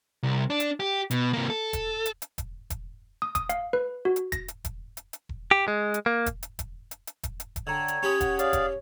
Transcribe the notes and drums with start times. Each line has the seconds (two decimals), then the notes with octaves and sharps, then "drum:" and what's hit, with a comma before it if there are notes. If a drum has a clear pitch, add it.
0.23 C2
0.50 D4
0.60 drum: hi-hat
0.80 G4
1.11 B2, drum: hi-hat
1.33 C3 A#3
1.50 A4
1.73 drum: kick E1, hi-hat
2.06 drum: hi-hat
2.22 drum: hi-hat
2.38 drum: kick E1, hi-hat
2.70 drum: kick E1, hi-hat
3.22 D#6
3.35 D#6, drum: kick E1, hi-hat
3.49 F5, drum: hi-hat
3.73 B4
4.05 F#4
4.16 drum: hi-hat
4.32 A#6, drum: kick E1, hi-hat
4.48 drum: hi-hat
4.65 drum: kick E1, hi-hat
4.97 drum: hi-hat
5.13 drum: hi-hat
5.29 drum: kick E1
5.51 G4
5.68 G#3
5.94 drum: hi-hat
6.06 A#3
6.26 drum: kick E1, hi-hat
6.43 drum: hi-hat
6.59 drum: kick E1, hi-hat
6.91 drum: hi-hat
7.07 drum: hi-hat
7.23 drum: kick E1, hi-hat
7.40 drum: hi-hat
7.56 drum: kick E1, hi-hat
7.67 D3 C#5 G5 A#5 E6
7.88 drum: hi-hat
8.03 C#4 G4 B5 C#6 D#6
8.21 F#5, drum: kick E1, hi-hat
8.39 G#4 C#5 D5 F5, drum: hi-hat
8.53 drum: kick E1, hi-hat